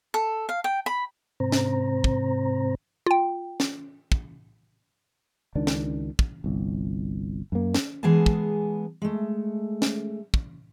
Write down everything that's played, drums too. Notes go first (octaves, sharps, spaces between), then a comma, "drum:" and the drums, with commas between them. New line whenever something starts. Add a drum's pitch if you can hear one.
A4
F5
G5
B5
G#2 C3 C4 C5 A#5
drum: snare
drum: kick
F4 G5
drum: snare
drum: kick
C#2 D#3 D4
drum: snare
drum: kick
G1 C2
F#2 A#3
drum: snare
E3 G#3 B3 G#4 G#5 A5
drum: kick
G#3 A3
drum: snare
drum: kick